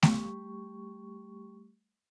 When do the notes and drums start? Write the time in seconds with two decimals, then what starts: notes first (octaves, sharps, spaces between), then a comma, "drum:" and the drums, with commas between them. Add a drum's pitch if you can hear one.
0.03 G3 A3 G4 C#6, drum: snare A3